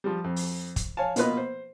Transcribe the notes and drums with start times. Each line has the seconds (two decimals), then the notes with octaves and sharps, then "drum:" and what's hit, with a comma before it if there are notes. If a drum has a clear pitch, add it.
0.04 F3 G3
0.24 F2
0.36 drum: open hi-hat
0.76 drum: kick, hi-hat
0.97 C#5 F5 G#5 A5
1.16 B2 A#3 F4 B4 D#5, drum: hi-hat
1.37 C5